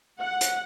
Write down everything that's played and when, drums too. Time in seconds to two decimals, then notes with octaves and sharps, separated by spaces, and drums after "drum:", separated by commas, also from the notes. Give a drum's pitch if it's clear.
0.20 F#5
0.41 drum: hi-hat